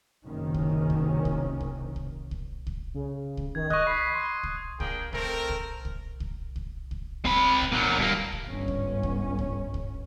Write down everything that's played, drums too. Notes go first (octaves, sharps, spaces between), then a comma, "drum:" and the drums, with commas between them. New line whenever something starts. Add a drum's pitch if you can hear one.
F#1 C3 D#3 C#4
drum: kick C2
drum: kick C2
drum: kick C2
drum: kick C2
drum: kick C2
drum: kick C2
drum: kick C2
C#3
drum: kick C2
D#3 G#6
D#5 C#6 D#6 F#6, drum: kick C2
B5 C7
C6
drum: kick C2
A#3 D4 G#4 G5, drum: kick C2
A3 C4 A#4, drum: kick C2
drum: kick C2
drum: kick C2
drum: kick C2
drum: kick C2
drum: kick C2
C4 B5, drum: kick C2
drum: kick C2
A#2 F#3
G2 A#3, drum: kick C2
drum: kick C2
G1 G#2 C#4
drum: kick C2
drum: kick C2
drum: kick C2
drum: kick C2